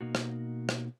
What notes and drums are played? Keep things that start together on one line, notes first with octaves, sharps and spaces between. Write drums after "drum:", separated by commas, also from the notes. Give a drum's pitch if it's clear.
B2 A#3 D#4 F#4
drum: rim click
drum: rim click